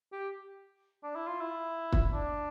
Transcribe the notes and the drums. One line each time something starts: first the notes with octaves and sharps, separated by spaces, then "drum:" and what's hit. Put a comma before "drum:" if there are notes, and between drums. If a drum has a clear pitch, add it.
G4
D4
E4
F4
E4
drum: kick
D4